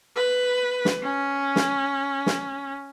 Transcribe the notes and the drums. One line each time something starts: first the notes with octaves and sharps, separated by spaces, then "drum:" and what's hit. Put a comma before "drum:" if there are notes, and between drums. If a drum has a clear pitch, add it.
B4
drum: snare
C#4
drum: snare
drum: snare